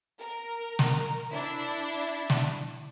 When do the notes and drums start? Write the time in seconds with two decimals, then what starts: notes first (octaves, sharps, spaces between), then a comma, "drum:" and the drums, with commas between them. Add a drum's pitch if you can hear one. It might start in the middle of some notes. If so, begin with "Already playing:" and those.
0.19 A#4
0.79 drum: snare
1.31 D4 E4
2.30 drum: snare